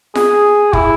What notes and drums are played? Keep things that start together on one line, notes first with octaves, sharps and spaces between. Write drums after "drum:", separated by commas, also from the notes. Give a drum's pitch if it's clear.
G#4, drum: snare F4
E4, drum: kick